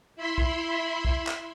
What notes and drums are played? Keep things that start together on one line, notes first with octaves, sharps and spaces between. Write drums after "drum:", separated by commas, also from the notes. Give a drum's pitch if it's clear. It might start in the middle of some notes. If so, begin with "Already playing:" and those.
E4 E5 B5 C6
drum: kick B1
drum: kick B1
drum: clap